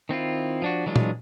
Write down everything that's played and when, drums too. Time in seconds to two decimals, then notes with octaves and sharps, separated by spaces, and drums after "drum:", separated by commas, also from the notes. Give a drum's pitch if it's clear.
0.09 D#3 C4 E4 F4
0.62 F3 D4 F#4
0.86 E3 F#3 G#3 D4 F4
0.96 drum: tom